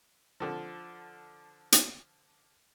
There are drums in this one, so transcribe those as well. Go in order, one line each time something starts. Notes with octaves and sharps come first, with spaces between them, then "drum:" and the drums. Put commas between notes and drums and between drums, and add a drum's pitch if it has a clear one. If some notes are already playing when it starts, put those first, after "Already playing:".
D3 F3
drum: hi-hat